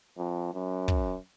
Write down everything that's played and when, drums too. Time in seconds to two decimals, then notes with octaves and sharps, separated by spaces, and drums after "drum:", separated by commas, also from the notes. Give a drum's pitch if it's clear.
0.18 F2
0.53 F#2
0.88 drum: kick